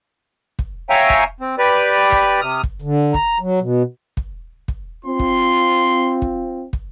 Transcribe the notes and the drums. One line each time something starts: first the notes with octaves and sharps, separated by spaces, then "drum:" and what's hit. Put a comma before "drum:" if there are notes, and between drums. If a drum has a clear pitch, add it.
drum: kick
C#5 E5 F5 G5 G#5 A#5
drum: kick
C4
G4 B4 D5
drum: kick
C3 D#6 F6
drum: kick
D3
A#5, drum: kick
F#3
B2
drum: kick
drum: kick
C4 F4 C6
drum: kick
drum: kick
drum: kick